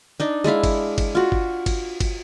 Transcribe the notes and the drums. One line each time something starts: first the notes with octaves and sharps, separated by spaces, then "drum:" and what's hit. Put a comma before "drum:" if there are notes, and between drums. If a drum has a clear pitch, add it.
D4 D#4
G#3 D4 E4 F5
drum: kick, cymbal
drum: kick, cymbal
F4 F#4
drum: kick
drum: kick, cymbal
drum: kick, cymbal